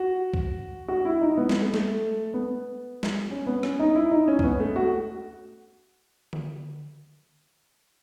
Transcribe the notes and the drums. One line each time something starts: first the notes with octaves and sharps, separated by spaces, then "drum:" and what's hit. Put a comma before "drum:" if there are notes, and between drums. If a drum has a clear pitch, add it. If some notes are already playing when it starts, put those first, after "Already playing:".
Already playing: F#4
drum: kick C2
F#4
E4
D#4
B3
B3, drum: snare
A3
A3, drum: snare
B3
drum: snare
C#4
B3
C#4, drum: rim click
D#4
E4
D#4
C#4
C#4, drum: kick C2
B3
A3
F#4
drum: tom D3